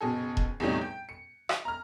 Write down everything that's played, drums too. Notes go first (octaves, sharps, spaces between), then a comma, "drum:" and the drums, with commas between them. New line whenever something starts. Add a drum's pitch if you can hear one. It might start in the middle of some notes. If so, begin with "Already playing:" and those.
F#1 B2 G#4 A4
drum: kick E1
E2 A2 C3 G3 D#4 C#5
G5
C#7
drum: rim click
A#5 F6